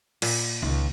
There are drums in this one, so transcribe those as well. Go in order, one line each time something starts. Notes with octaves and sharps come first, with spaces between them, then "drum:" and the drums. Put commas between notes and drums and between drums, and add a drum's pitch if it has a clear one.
A#2, drum: cymbal
C#2 D#3